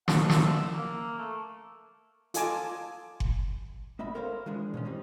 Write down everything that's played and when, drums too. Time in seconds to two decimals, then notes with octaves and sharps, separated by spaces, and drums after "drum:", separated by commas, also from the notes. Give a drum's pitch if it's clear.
0.08 F#5, drum: snare
0.30 E5, drum: snare
0.73 A#3
1.18 A3
2.34 F4 A4 D#5 G#5 A5 D6, drum: hi-hat
3.20 drum: kick F#1
3.99 B3 D#5 E5 B5
4.14 A4 A#4 C5 C#5 F5
4.46 E3 F3 G#3 D4
4.74 B2 D#3 C#4
4.85 G3 C4 D#4